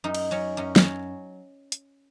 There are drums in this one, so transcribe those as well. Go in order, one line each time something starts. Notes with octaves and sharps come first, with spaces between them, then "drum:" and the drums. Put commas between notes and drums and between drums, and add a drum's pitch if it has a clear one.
F#2 D#4
drum: cymbal
F#3 C#4
F#2 C#4
C#4, drum: snare
F#3
drum: hi-hat